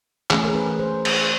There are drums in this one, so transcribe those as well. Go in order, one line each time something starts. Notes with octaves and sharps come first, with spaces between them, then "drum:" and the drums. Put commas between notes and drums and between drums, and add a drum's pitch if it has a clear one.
E3 A3 C#4 G#4, drum: clap
A#4
B4
C5
drum: cymbal